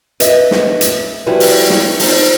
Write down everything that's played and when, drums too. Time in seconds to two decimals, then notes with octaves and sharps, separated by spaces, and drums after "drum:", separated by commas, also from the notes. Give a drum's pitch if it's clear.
0.20 B4 D#5 E5, drum: hi-hat
0.51 drum: snare
0.81 drum: hi-hat
1.26 F3 G3 C#4 E4 F#4 B4
1.40 drum: open hi-hat
1.70 drum: snare
1.99 F3 D#4 C5, drum: open hi-hat